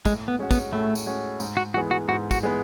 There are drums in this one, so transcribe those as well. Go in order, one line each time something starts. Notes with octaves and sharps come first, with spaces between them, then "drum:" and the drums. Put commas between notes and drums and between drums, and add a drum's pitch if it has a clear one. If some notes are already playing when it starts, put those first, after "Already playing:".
A2 G#3, drum: kick, tambourine
B3
G#3 C#4 F#4
B3, drum: kick, tambourine
A2 A3
drum: tambourine
G#3 C#4 F#4
G#2, drum: tambourine
F#4
E3 G#3 B3 F#4
F#4
G#2 F#4
F#4, drum: kick, tambourine
E3 G#3 B3